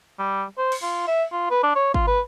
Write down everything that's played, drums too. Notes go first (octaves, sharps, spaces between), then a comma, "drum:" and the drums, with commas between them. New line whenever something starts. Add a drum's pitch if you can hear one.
G3
C5
drum: cymbal
F4
E5
F4
B4
D4
C#5
F4, drum: kick G#1
B4